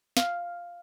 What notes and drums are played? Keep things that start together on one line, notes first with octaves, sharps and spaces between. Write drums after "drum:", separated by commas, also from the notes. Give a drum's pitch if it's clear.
F5, drum: snare